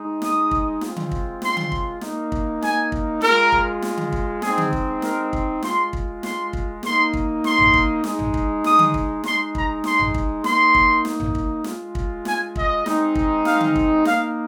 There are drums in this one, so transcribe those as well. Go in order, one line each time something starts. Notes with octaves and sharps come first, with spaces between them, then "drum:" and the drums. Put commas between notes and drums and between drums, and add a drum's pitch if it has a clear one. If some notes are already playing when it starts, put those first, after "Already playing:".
Already playing: G#3 D#4
D#6, drum: snare
drum: kick
G#3 C4 F4, drum: snare
drum: tom D3
drum: kick
C6, drum: snare
drum: tom D3
drum: kick
A#3 D#4, drum: snare
drum: kick
G#5, drum: snare
drum: kick
G#3 F4 A#4, drum: snare
drum: kick
drum: snare
drum: tom D3
drum: kick
G#3 C4 D#4 G#4, drum: snare
drum: tom D3
drum: kick
A#4, drum: snare
drum: kick
G#3 F4 C6, drum: snare
drum: kick
C6, drum: snare
drum: kick
A#3 D#4 C6, drum: snare
drum: kick
C6, drum: snare
drum: tom A1
drum: kick
G#3 D#4, drum: snare
drum: tom A1
drum: kick
D#6, drum: snare
drum: tom D3
drum: kick
G#3 D#4 C6, drum: snare
A#5, drum: kick
C6, drum: snare
drum: tom A1
drum: kick
A#3 D#4 C6, drum: snare
drum: kick
drum: snare
drum: tom A1
drum: kick
G#3 F4, drum: snare
drum: kick
G#5, drum: snare
D#5, drum: kick
G#3 C4 D#4, drum: snare
drum: kick
F5, drum: snare
drum: tom D3
drum: kick
A#3 D#4 F5, drum: snare